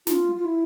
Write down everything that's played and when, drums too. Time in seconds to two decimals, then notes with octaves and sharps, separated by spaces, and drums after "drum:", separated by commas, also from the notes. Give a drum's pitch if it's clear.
0.07 F4, drum: snare
0.36 F4
0.45 E4